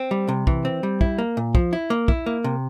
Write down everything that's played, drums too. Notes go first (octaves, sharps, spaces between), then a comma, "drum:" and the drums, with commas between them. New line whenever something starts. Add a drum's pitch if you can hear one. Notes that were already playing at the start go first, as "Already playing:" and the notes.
Already playing: C4
G3
C3
E3, drum: kick
C4
G3
E4, drum: kick
A#3
A#2
F3, drum: kick
E4
A#3
E4, drum: kick
A#3
C3